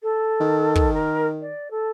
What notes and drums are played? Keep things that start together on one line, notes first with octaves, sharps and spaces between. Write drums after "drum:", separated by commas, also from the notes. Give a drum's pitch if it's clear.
A4
D#3
drum: kick
A#4
D5
A4